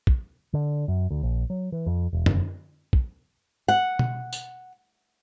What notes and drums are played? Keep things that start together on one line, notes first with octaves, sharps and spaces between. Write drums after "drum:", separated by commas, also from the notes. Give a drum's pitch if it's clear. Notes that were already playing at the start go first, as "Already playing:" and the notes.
drum: kick
D3
F#2
D2
A#1
F#3
E3
F2
E1
F1, drum: tom F#2
drum: kick
F#5
drum: tom B2
drum: tambourine